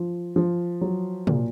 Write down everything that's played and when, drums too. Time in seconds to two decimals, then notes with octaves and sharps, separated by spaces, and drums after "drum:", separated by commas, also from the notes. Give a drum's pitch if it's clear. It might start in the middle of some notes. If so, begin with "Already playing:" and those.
Already playing: F3
0.36 F3
0.81 F#3
1.27 A#2, drum: tom